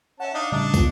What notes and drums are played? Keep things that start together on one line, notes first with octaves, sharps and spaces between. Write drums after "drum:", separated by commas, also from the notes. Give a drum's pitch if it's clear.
C#4 E5 F#5 A5
D4 D#4 F5
A2 C#3 G3 D4 D#4
G#3 B3 F4, drum: kick, tambourine